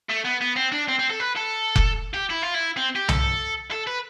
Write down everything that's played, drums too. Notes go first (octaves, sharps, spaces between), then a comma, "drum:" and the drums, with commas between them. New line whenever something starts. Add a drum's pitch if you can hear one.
A3
B3
B3
C4
D4
C4
C4
A4
B4
A4
drum: kick F1
G4
E4
F4
E4
C4
G4
A4, drum: tom C2
A4
B4